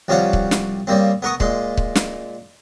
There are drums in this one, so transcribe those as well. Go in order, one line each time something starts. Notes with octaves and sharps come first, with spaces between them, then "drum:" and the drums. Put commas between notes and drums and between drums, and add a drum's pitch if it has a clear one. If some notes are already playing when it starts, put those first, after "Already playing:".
C2 F3 G3 C#5 F5 F#5
drum: kick C#1
drum: snare
C#3 G3 A#3 C4
B3 A#4 C#6 D#6
A#2 G#3 C6, drum: kick C#1
drum: kick C#1
drum: snare